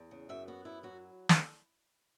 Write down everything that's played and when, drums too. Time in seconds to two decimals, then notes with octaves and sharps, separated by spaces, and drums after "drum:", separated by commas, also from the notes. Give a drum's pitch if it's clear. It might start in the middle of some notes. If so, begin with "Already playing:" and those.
Already playing: E2
0.11 C#3
0.29 F#2 E5
0.48 B3 F#4
0.65 F#2 E4
0.83 F#3 F#4
1.29 drum: snare